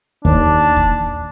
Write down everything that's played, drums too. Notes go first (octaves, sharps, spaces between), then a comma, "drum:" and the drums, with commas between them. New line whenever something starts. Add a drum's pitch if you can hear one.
D#2 D4, drum: kick D2
drum: kick D2